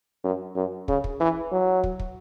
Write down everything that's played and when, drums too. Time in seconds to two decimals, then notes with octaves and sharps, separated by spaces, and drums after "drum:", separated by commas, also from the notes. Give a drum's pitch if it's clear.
0.24 F#2
0.56 F#2
0.88 C#3, drum: kick
1.04 drum: kick
1.20 E3
1.52 F#3
1.84 drum: kick
1.99 drum: kick